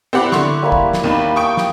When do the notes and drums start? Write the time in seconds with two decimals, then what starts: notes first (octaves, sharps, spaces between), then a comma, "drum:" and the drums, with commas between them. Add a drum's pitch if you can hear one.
0.13 C4 E4 G4 D5 F#5 A5
0.32 D3 C6 C#6, drum: snare
0.63 G3 A#3 E4
0.72 drum: kick
0.93 drum: snare
1.04 D#2 D#3 A#3 B5
1.36 G5 C#6 D#6
1.57 drum: snare